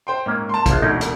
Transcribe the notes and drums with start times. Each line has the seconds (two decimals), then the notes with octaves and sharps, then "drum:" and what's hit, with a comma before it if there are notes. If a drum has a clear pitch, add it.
0.07 C5 G5 C6
0.26 G#2 A#3 C#4
0.49 A5 C6
0.66 A#1 F4, drum: kick, hi-hat
0.82 E1 D2 C#4 D#4
1.01 A#4 D5, drum: hi-hat